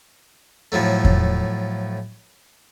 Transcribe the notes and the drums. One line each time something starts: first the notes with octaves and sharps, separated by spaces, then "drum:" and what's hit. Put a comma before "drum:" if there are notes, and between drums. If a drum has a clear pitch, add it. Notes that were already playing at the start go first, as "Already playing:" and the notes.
A2 F3 F#3 A3
drum: kick E2